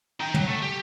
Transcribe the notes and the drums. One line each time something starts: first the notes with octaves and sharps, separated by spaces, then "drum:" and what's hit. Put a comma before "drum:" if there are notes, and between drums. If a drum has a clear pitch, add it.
D#4 G5
F#3, drum: tom
A3
G4